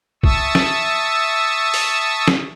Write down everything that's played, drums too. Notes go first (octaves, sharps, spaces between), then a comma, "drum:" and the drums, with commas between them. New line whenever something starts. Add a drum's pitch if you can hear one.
E5 A5 C#6 D#6 E6, drum: kick
drum: snare
drum: open hi-hat
drum: snare